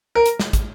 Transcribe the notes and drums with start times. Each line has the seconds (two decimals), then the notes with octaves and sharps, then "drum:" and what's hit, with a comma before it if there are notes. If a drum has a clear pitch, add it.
0.15 A#4
0.26 drum: hi-hat
0.39 drum: snare
0.53 drum: kick, hi-hat